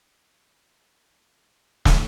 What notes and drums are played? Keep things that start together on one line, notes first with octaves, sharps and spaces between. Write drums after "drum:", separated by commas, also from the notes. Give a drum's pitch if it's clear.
E3
F#3
drum: snare